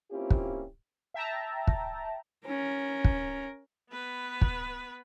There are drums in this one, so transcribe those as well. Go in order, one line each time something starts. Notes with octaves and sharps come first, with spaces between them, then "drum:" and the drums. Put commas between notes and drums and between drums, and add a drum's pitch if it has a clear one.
A#3 C4 C#4 E4 F4 G4
drum: kick
E5 G5 A5 A#5
drum: kick
C#4 A#4
drum: kick
B3 B4
drum: kick